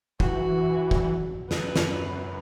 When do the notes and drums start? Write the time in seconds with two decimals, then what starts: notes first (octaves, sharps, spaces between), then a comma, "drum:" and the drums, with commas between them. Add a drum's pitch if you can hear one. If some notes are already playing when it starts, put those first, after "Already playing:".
0.20 E3 F#4, drum: kick
0.91 drum: kick
1.51 F#2 B4, drum: snare
1.76 drum: snare